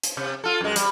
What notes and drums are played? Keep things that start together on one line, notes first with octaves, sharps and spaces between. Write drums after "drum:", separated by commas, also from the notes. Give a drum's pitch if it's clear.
drum: hi-hat
C3
F4 A4
F#2 G#3
G3, drum: hi-hat